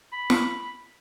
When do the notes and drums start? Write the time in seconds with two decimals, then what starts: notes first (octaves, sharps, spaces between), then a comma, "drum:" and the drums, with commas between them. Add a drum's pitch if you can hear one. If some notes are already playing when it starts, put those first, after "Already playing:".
0.13 B5
0.30 drum: snare